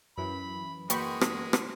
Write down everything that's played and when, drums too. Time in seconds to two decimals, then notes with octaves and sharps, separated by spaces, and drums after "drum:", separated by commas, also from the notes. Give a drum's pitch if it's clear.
0.18 F#2 E3 B5
0.90 G#3 A#3 F#4 B4 G5 B5 C#6, drum: hi-hat
1.21 drum: rim click
1.53 drum: rim click